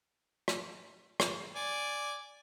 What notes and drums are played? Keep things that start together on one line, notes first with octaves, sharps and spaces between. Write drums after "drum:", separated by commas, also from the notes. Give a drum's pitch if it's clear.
drum: rim click
drum: rim click
D5 G#5